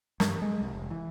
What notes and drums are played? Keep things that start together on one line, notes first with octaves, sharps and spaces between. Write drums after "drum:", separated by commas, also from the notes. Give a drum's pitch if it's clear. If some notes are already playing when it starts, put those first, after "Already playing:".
G2, drum: snare
G#3
C2
F1
E3